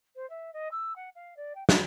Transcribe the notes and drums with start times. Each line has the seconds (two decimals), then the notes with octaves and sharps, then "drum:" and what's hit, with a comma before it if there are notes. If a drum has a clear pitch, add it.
0.16 C5
0.30 E5
0.53 D#5
0.71 E6
0.96 F#5
1.15 F5
1.37 D5
1.55 G5
1.69 G#4, drum: snare